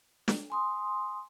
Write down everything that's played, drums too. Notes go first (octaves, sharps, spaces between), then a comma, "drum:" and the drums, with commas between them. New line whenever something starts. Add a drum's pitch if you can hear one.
drum: snare
G#5 C6 D#6